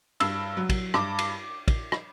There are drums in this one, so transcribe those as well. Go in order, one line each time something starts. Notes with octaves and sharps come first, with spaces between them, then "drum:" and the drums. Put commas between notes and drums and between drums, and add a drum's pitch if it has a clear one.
G2 E6, drum: cymbal
F#3
drum: kick, cymbal
G2 D6, drum: rim click
drum: cymbal
drum: kick, cymbal
drum: rim click